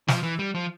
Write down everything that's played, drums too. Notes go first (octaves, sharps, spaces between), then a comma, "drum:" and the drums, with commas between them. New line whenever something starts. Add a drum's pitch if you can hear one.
F3, drum: snare
E3
G3
F3